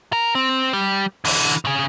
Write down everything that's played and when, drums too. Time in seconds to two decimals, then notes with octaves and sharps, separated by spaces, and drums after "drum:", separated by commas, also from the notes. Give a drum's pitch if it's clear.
0.13 A#4
0.35 C4
0.73 G3
1.25 D3 E3, drum: open hi-hat
1.65 C#3 G#4